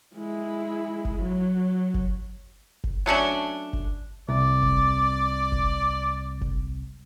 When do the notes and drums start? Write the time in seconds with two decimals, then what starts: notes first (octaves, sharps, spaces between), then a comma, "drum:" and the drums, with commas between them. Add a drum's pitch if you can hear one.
0.16 G#3 E4
1.05 drum: kick F#1
1.22 F#3
1.94 drum: kick F#1
2.84 drum: kick F#1
3.06 F#3 A3 C#4 D4
3.73 drum: kick F#1
4.29 C2 D5
4.63 drum: kick F#1
5.52 drum: kick F#1
6.41 drum: kick F#1